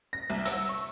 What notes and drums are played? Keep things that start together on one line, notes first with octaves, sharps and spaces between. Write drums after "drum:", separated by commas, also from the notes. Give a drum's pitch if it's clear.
A#6
C2
E6, drum: hi-hat
C#6